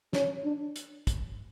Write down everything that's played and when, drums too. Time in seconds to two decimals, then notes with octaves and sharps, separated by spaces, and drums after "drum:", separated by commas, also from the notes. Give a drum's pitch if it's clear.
0.13 C#4, drum: snare
0.44 D4
0.76 drum: hi-hat
1.07 drum: kick, hi-hat